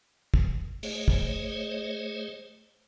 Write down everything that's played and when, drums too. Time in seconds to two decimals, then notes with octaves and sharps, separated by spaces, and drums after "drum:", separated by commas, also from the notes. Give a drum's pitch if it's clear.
0.34 drum: kick
0.83 A3 G#4 C5 C#5 D#5, drum: open hi-hat
1.08 drum: kick